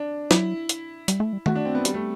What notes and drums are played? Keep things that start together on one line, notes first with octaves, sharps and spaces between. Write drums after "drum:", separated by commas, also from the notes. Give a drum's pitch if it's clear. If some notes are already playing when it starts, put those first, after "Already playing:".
Already playing: D4
F#3 E4, drum: snare
drum: hi-hat
G3, drum: hi-hat
A3
G3
A3 F#4, drum: tom D#3
D4
C4
B3
G3, drum: hi-hat
A3